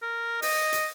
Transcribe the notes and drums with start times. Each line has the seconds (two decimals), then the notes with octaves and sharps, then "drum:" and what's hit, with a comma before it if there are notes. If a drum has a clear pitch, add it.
0.02 A#4
0.42 D#5, drum: open hi-hat
0.72 drum: hi-hat